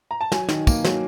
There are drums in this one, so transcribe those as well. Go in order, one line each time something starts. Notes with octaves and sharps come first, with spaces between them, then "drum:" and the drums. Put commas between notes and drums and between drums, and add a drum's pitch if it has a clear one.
A#5
A5
F#3 G#5, drum: snare
D#3, drum: snare
A#3, drum: kick, tambourine
F#3, drum: snare